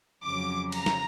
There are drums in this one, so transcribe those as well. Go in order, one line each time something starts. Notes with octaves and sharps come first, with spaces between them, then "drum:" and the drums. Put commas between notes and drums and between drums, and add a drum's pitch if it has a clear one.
F2 C#3 F#3 D6
A#5, drum: cymbal
drum: snare